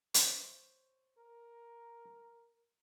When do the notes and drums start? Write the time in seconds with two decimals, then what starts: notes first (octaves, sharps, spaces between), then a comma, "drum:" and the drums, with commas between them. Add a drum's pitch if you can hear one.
0.14 C5 C#5, drum: hi-hat
1.19 A#4